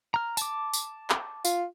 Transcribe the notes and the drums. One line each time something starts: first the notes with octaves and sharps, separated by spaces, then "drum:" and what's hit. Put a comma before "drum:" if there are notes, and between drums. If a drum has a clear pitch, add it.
A#5 F6
A5 D6, drum: tambourine
drum: tambourine
drum: clap
F4, drum: tambourine